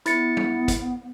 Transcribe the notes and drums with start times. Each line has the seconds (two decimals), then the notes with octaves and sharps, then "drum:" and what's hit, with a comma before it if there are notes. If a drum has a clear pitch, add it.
0.06 B3 E4 A6 C#7, drum: hi-hat
0.37 drum: tom
0.68 drum: kick, hi-hat